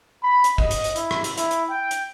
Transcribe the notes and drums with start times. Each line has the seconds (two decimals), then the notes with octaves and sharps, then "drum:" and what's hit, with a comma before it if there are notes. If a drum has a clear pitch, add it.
0.23 B5
0.44 drum: hi-hat
0.58 D#5, drum: kick G#1
0.71 drum: hi-hat
0.84 drum: hi-hat
0.96 E4, drum: hi-hat
1.11 drum: rim click
1.24 drum: hi-hat
1.38 E4, drum: hi-hat
1.51 drum: hi-hat
1.70 G5
1.91 drum: hi-hat